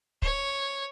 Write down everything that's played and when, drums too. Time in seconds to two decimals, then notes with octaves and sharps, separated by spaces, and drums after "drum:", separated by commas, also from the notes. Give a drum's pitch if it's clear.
0.22 C#5, drum: kick